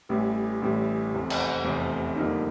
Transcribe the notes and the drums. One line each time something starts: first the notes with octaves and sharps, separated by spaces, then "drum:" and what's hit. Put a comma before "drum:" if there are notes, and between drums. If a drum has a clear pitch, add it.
A1 A2 E3 G3
A1 A2 E3 G3
F1 E2 C3
drum: cymbal
F1 E2 C3
F2 D3 G3 A#3 D#4